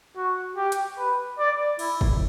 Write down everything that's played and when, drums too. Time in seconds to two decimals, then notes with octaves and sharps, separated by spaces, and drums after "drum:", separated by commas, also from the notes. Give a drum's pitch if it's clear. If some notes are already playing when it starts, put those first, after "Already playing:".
0.16 F#4
0.56 G4
0.72 drum: hi-hat
0.98 B4
1.39 D5
1.79 E4, drum: cymbal
2.01 drum: kick